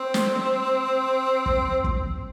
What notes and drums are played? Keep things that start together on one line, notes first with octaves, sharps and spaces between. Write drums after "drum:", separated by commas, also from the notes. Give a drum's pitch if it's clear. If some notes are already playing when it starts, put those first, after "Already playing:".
Already playing: C4
drum: snare
drum: kick
drum: kick